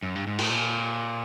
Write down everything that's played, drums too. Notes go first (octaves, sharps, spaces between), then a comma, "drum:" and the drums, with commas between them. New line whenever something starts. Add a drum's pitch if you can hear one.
F#2
G2
G#2
A2, drum: cymbal
A#2